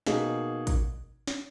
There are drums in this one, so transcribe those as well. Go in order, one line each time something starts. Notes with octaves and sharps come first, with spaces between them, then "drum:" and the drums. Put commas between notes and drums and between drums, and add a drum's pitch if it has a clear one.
B2 A#3 D#4 G#4, drum: snare
drum: kick, hi-hat
drum: snare